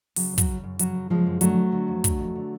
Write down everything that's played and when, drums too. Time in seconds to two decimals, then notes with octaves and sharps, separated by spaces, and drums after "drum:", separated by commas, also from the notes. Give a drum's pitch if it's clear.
0.16 C#3 F#3, drum: open hi-hat
0.32 F#2
0.38 F#3, drum: kick, hi-hat
0.48 C#3
0.63 F#2
0.79 C#3 F#3, drum: hi-hat
0.95 F#2
1.10 C#3 F3 G#3
1.26 F#2
1.41 D3 F#3 A3, drum: hi-hat
1.58 F2
1.72 D3
1.88 F2
2.04 D3, drum: kick, hi-hat
2.19 F2
2.35 D3